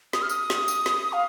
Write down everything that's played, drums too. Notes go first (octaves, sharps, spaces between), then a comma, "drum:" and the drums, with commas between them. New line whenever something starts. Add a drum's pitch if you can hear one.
D#6, drum: snare
F6
D#6, drum: tambourine
drum: snare
drum: tambourine
drum: snare
F5